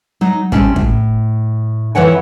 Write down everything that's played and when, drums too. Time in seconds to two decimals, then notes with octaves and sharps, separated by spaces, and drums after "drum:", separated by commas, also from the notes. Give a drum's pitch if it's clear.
0.21 F#3 D#4
0.52 C3 G3 G#3 C#4 D4, drum: kick
0.76 A2, drum: kick
1.95 F2 E3 B4 C#5 F#5 G#5